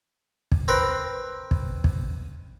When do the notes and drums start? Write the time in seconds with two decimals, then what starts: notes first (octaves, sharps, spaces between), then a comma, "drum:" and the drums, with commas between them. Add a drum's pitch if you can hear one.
0.52 drum: kick
0.68 C4 A#4 B4
1.51 drum: kick
1.84 drum: kick